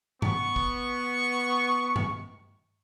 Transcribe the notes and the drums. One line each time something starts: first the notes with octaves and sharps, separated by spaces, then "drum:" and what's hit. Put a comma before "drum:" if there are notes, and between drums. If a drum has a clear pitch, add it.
B3 C#6, drum: tom G2
drum: kick
drum: tom G2